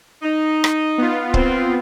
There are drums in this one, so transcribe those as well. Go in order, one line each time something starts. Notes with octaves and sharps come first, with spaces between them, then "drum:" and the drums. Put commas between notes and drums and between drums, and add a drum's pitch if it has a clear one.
D#4
drum: rim click
B3 F4
C4, drum: kick C#1